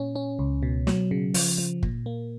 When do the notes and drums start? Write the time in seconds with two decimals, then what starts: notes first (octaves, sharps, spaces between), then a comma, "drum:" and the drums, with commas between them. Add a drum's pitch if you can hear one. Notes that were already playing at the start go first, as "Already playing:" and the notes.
Already playing: A#2 C#4
0.16 C#4
0.39 C#2
0.63 B2
0.87 F#3, drum: snare
1.11 C#3
1.34 F3, drum: open hi-hat
1.58 F3
1.83 A#2, drum: kick
2.06 A#3